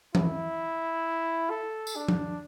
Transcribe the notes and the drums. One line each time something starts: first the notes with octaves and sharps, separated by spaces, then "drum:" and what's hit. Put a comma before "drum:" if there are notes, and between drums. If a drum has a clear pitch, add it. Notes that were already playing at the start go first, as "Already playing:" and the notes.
E4, drum: tom E3
A4
drum: tambourine
D4
drum: tom F3